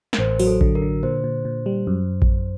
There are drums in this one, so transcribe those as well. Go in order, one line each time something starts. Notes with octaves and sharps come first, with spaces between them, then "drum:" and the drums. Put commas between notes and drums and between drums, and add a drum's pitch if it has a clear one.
A#4, drum: snare
A1 C5
F#3, drum: open hi-hat
A4
D3, drum: kick A1
A#4
D3
A#2 C5
A#2
A#2
G3
F#2
drum: kick A1